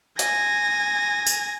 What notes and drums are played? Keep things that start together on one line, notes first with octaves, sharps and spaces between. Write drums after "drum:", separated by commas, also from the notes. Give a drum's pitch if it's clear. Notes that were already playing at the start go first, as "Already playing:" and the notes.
G#5 A#6, drum: hi-hat
drum: tambourine